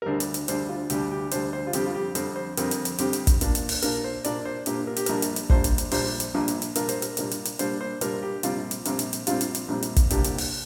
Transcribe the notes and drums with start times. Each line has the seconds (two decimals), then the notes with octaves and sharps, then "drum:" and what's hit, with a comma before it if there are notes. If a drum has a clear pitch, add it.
0.02 A#4
0.06 D2 D3 G3 D4 C5
0.20 drum: hi-hat
0.34 drum: hi-hat
0.48 D2 D3 G3 D4 C5, drum: hi-hat
0.69 F4
0.90 D2 D3 G3 D4 G4, drum: hi-hat
1.11 G4
1.31 D2 D3 G3 D4 C5, drum: hi-hat
1.53 C5
1.67 F4
1.73 F2 D3 G3 C4 G4, drum: hi-hat
1.86 F4
1.95 G4
2.15 F2 D3 G3 C4 C5, drum: hi-hat
2.36 C5
2.57 F2 D3 G3 C4 A#4, drum: hi-hat
2.71 drum: hi-hat
2.85 drum: hi-hat
2.98 F2 D3 G3 C4 G4, drum: hi-hat
3.13 drum: hi-hat
3.27 drum: kick, hi-hat
3.41 A#2 A#3 D4, drum: hi-hat
3.55 drum: hi-hat
3.69 drum: open hi-hat
3.82 A#2 A#3 D4 A#4, drum: hi-hat
4.04 C5
4.24 A#2 A#3 D4 D5, drum: hi-hat
4.45 C5
4.66 A#2 A#3 D4 G4, drum: hi-hat
4.87 A#4
4.96 G4, drum: hi-hat
5.06 A#1 A#2 G3 D4 A#4, drum: hi-hat
5.22 drum: hi-hat
5.36 drum: hi-hat
5.50 A#1 A#2 G3 D4 C5, drum: kick
5.64 drum: hi-hat
5.78 drum: hi-hat
5.91 A#1 A#2 G3 D4 C5, drum: open hi-hat
6.20 drum: hi-hat
6.34 A#1 A#2 G3 D4
6.48 drum: hi-hat
6.62 drum: hi-hat
6.76 A#2 G3 A#3 D4 A#4, drum: hi-hat
6.89 C5, drum: hi-hat
7.02 A#4, drum: hi-hat
7.17 A#2 G3 A#3 D4, drum: hi-hat
7.31 drum: hi-hat
7.45 drum: hi-hat
7.59 A#2 G3 A#3 D4 C5, drum: hi-hat
7.81 C5
8.01 A#2 G3 A#3 D4 A#4, drum: hi-hat
8.22 G4
8.43 A#1 A#2 G3 C4 F4, drum: hi-hat
8.71 drum: hi-hat
8.85 A#1 A#2 G3 C4, drum: hi-hat
8.99 drum: hi-hat
9.13 drum: hi-hat
9.27 A#1 A#2 G3 C4 F4, drum: hi-hat
9.41 drum: hi-hat
9.55 drum: hi-hat
9.68 A#1 A#2 G3 C4
9.83 drum: hi-hat
9.96 drum: kick, hi-hat
10.10 C2 A#2 A#3 D4 G4, drum: hi-hat
10.24 drum: hi-hat
10.38 drum: open hi-hat